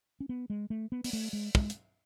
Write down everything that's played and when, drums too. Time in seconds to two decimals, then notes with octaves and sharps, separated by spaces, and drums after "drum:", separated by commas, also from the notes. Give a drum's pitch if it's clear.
0.20 C#4
0.29 B3
0.50 G#3
0.70 A3
0.92 B3
1.04 B3, drum: open hi-hat
1.13 A3
1.33 G#3
1.55 G#3, drum: kick
1.70 drum: hi-hat